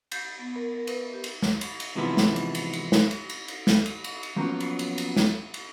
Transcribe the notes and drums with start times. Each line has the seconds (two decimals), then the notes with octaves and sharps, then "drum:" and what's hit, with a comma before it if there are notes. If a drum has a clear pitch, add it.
0.12 G6, drum: cymbal
0.39 B3
0.56 A#4
0.74 A#4
0.87 B4, drum: cymbal
1.13 G4
1.24 drum: cymbal
1.42 drum: snare
1.61 drum: cymbal
1.80 drum: cymbal
1.95 G#2 C3 E3 F3 B3 E4
2.17 drum: snare
2.36 drum: cymbal
2.55 drum: cymbal
2.73 drum: cymbal
2.92 drum: snare
3.11 drum: cymbal
3.29 drum: cymbal
3.48 drum: cymbal
3.67 drum: snare
3.86 drum: cymbal
4.04 drum: cymbal
4.23 drum: cymbal
4.36 F3 F#3 A#3 B3 C#4 F4
4.60 drum: cymbal
4.79 drum: cymbal
4.98 drum: cymbal
5.17 drum: snare
5.54 drum: cymbal